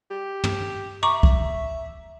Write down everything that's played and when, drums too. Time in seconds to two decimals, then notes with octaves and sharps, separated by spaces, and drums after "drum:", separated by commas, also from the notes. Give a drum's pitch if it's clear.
0.11 G4
0.44 drum: tom
1.03 E5 A#5 C#6 D6
1.23 drum: kick